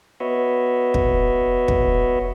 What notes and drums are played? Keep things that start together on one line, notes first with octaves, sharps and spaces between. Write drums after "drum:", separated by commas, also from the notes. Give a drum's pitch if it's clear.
B3 F#4 B4 C#5 D#5 E5
drum: kick
drum: kick